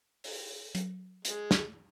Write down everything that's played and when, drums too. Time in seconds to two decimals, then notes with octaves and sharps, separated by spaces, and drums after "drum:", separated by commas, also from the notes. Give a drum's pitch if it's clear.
0.24 drum: open hi-hat
0.75 F#3, drum: hi-hat
1.25 G#3, drum: hi-hat
1.51 drum: snare